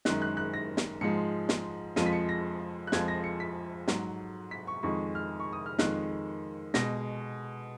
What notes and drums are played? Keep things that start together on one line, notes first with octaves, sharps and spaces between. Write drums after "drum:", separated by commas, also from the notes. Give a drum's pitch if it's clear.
F#2 D#3 G#3 F#6, drum: snare
F#6
F#6
A#6
drum: snare
G#2 F3 G#3 C#7
drum: snare
F2 F3 G#3 D#7, drum: snare
B6
C#7
A#6
F#6
F2 F3 G#3 G#6, drum: snare
A#6
C#7
B6
G#2 F#3, drum: snare
B6
C#6
F2 D#3 G#3 C#6
F6
C#6
D#6
F6
F2 D#3 G#3 F#6, drum: snare
B2 G#3 A#6, drum: snare